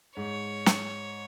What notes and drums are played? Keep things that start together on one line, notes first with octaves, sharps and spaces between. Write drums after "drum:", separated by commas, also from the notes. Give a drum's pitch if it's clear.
G#2 C#5
drum: snare